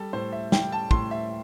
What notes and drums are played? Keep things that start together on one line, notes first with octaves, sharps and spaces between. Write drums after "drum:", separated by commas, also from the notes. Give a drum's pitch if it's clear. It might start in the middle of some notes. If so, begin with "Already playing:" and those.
Already playing: G3 A4
A2 C5
E5
G3 G5, drum: snare
A5
A2 C6, drum: kick
E5